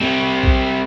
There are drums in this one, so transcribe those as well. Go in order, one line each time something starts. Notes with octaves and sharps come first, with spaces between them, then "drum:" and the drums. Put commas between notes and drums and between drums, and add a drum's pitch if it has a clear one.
G3 C4
drum: kick A#1